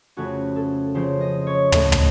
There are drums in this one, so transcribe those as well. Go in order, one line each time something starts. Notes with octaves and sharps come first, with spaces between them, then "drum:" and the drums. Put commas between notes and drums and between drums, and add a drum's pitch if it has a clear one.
F2 C#3 A3 C#4 F#4
A4
C#3 F3 C4 C5
D#5
C#5
A2 A3 C4 D#5, drum: tom
drum: tom